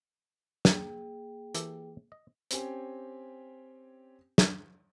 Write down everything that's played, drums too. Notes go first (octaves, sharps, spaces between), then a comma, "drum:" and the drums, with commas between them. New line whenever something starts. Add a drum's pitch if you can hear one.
A#3 G#4 G5, drum: snare
E3 G4 A4, drum: hi-hat
D#5
C4 C#4 G4 G#5, drum: hi-hat
drum: snare